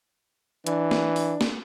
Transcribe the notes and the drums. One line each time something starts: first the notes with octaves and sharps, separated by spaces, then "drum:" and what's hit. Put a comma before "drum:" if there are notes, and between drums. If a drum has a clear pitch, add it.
E3 D4, drum: hi-hat
drum: snare
drum: open hi-hat
drum: snare